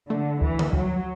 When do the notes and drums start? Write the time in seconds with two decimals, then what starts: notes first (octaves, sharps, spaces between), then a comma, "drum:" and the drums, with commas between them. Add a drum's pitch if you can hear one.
0.10 D3 A3
0.42 D2 E3
0.59 drum: tom
0.73 D2 F#3